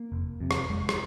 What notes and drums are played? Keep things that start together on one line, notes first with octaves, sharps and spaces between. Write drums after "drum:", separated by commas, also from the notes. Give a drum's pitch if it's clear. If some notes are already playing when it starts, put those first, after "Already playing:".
Already playing: A#3
F1
F2 C3
drum: rim click
F1 G#3
drum: rim click